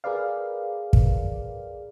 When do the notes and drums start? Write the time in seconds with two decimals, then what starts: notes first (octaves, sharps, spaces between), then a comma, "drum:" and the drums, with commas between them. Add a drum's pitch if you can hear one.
0.04 G#4 A#4 B4 D5 F5
0.93 drum: kick